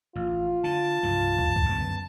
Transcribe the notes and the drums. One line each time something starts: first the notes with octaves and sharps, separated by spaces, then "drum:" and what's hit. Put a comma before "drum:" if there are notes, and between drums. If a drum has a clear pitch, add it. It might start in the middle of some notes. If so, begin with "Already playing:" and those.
A1 F4
D3 A5
C2 G2 F3
drum: kick
drum: kick
F#2 D3 B3